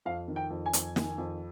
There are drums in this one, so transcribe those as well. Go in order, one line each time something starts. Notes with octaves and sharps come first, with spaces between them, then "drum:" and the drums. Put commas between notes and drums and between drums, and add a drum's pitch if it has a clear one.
F2 F5
D#3
G5
F2
G#5
F2, drum: hi-hat
D#3, drum: snare
F2